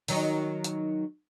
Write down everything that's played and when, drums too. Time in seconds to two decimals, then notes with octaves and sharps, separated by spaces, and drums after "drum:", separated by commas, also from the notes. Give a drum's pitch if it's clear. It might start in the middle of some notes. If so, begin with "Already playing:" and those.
0.08 D#3 F#3 D#4, drum: open hi-hat
0.64 drum: hi-hat